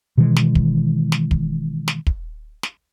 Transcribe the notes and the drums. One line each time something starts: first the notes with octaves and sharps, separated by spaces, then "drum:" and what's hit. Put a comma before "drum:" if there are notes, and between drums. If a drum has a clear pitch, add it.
B2 D#3 E3 G#3
drum: snare
drum: kick
drum: snare
drum: kick
drum: snare
drum: kick
drum: snare